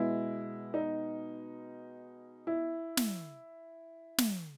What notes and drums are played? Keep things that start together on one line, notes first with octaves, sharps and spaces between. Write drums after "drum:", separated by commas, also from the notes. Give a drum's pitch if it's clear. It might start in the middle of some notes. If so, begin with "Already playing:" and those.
Already playing: B2 G#3 E4
D#4
E4
drum: snare
drum: snare